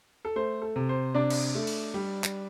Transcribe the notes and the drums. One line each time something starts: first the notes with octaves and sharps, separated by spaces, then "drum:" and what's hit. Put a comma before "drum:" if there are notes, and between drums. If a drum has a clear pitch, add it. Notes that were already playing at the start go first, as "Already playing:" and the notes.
A4
A3 C5
A4
C3
C5
C3 D4 D5
drum: cymbal
A3
drum: cymbal
G3
drum: clap